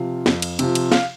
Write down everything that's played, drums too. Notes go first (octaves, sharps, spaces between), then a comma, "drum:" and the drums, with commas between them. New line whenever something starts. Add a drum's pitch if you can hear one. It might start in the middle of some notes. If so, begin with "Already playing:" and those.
Already playing: C3 F3 F5
F2, drum: snare
drum: cymbal
C3 F3, drum: cymbal
drum: cymbal
F5, drum: snare